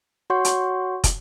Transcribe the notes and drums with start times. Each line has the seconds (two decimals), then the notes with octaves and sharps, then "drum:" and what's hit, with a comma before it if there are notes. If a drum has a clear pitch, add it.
0.30 F#4 C#5 F#5 C6 C#6 G6
0.45 drum: hi-hat
1.04 drum: kick, hi-hat